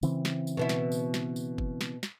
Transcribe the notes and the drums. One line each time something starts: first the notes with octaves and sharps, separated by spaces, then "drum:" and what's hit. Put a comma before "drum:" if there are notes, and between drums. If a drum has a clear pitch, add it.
C#3 E3 C4, drum: tambourine
drum: snare
drum: tambourine
B2 B3 E4
drum: snare
drum: tambourine
drum: snare
drum: tambourine
drum: kick F#1
drum: snare
drum: snare